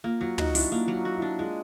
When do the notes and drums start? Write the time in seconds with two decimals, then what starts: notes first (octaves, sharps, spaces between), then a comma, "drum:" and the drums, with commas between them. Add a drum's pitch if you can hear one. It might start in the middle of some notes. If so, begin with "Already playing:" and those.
0.04 A#3 F4
0.21 F#3 F4
0.38 D#4 F#4, drum: tom
0.55 D4 E4, drum: open hi-hat
0.72 A#3 F4
0.88 F#3
0.94 F4
1.05 F#4
1.17 E4
1.22 D4
1.39 G#3 F4